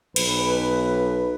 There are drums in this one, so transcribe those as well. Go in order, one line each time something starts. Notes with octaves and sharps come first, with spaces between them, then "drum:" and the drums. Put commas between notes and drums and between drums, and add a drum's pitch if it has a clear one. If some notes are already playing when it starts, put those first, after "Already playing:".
B1 B4, drum: cymbal